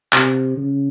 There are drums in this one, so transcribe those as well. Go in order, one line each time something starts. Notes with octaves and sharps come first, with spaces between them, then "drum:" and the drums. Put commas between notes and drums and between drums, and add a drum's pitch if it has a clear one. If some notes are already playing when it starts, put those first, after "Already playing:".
C3, drum: clap
C#3